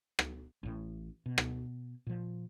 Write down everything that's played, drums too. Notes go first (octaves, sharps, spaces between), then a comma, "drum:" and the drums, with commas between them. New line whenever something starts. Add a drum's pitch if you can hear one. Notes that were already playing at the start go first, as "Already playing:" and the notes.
drum: rim click
A1 A2
B2
drum: rim click
A#2 F3